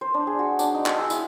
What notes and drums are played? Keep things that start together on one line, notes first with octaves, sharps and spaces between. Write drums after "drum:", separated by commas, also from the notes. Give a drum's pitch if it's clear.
C5
D4
G#4
F#4
D4, drum: tambourine
D#4
E6, drum: clap
G#4
E4, drum: tambourine